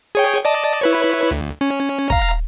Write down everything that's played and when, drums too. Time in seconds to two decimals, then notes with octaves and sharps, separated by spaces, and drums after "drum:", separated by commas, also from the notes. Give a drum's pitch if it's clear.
0.15 G#4 C#5 G5
0.45 D5 D#5 A5
0.81 E4 B4 C#5
1.31 D2
1.61 C#4
2.10 F5 A#5, drum: kick